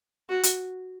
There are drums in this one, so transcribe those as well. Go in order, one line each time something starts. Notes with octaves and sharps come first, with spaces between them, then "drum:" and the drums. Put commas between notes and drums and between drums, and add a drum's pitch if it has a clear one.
F#4
drum: hi-hat